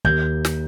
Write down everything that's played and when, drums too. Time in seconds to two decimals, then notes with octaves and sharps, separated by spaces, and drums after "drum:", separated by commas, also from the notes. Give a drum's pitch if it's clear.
0.05 D#2 G6, drum: kick
0.45 drum: snare